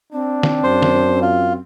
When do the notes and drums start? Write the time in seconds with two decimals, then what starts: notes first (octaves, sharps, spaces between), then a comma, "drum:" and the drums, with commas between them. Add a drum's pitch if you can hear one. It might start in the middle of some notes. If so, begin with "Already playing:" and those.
0.13 C4 D4
0.43 drum: snare D#3
0.63 F#2 C5
0.82 drum: snare D#3
1.22 F4